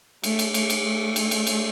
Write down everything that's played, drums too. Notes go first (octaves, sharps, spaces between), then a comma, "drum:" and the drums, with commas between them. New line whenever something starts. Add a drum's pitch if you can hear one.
A3, drum: cymbal
drum: cymbal
A3, drum: cymbal
drum: cymbal
A3
drum: cymbal
drum: cymbal
drum: cymbal